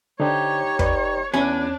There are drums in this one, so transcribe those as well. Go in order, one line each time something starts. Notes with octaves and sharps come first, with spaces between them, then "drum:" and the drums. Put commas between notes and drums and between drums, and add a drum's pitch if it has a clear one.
D3 D4 D#4 G4 C5 C#5
B4 D5 D#5, drum: kick
E2 C#4 D4 E4 B5